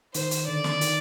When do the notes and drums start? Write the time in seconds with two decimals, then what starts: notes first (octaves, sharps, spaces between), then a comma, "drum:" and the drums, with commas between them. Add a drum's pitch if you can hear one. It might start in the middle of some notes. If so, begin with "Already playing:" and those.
0.14 D#3 C5, drum: hi-hat
0.31 drum: hi-hat
0.47 D3 D5
0.64 drum: snare
0.81 D#3, drum: hi-hat